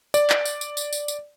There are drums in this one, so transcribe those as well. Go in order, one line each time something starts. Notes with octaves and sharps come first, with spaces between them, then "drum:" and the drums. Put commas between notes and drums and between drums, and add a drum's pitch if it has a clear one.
D5, drum: tambourine
drum: clap
drum: tambourine
drum: tambourine
drum: tambourine
drum: tambourine
drum: tambourine